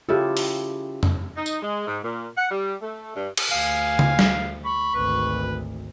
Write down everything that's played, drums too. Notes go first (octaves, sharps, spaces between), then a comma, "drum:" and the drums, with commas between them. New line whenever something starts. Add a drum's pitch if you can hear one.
C#3 E4 F4 G4 A4
drum: open hi-hat
drum: tom F2
D#4
drum: tambourine
G#3
G#2
A#2
F#5
G3
A3
G2
drum: cymbal
D2 F5 G#5
drum: tom C#3
drum: snare
B5 C#6
G#1 D2 B4